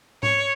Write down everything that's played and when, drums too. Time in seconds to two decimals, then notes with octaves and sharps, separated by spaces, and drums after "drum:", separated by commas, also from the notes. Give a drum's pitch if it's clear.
0.23 C#5, drum: tom G#2